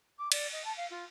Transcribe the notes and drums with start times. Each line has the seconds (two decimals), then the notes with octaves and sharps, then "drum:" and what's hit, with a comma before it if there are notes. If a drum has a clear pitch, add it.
0.18 D6
0.32 D5, drum: cymbal
0.52 D#5
0.65 A5
0.77 F5
0.90 F4